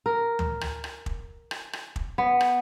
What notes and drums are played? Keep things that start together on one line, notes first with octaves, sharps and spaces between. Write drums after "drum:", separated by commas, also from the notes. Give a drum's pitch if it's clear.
A#4
drum: tom D2
drum: rim click
drum: rim click
drum: kick
drum: rim click
drum: rim click
drum: kick
B3
drum: rim click